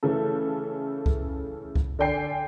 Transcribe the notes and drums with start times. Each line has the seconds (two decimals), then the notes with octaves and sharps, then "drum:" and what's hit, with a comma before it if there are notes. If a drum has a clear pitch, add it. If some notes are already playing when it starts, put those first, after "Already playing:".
0.03 C#3 E3 A3 A4
1.06 drum: kick C2
1.75 drum: kick C2
1.99 D3 D4 D5 G5 G#5 C7